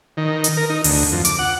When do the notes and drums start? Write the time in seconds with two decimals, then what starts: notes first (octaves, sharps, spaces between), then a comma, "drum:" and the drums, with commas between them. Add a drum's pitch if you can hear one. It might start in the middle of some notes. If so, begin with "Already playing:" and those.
0.17 D#3
0.44 drum: hi-hat
0.57 A#4
0.70 D#4
0.84 D2, drum: open hi-hat
1.12 F2
1.25 D6, drum: hi-hat
1.39 F#5